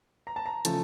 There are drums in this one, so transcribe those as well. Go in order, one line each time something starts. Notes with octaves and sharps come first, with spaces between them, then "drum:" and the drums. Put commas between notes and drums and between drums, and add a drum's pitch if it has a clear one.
A#5
A5
A#5
C#3 F3 A3 A5, drum: hi-hat